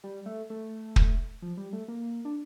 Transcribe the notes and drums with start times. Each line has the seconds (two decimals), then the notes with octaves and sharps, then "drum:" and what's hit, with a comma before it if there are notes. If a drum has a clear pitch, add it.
0.04 G3
0.26 A3
0.50 A3
0.96 drum: kick
1.42 F3
1.57 G3
1.73 A3
1.88 A#3
2.25 D4